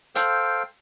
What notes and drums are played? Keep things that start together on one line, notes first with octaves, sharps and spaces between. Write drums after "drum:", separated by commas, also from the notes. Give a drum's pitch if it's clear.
A4 C5 F5 G5, drum: hi-hat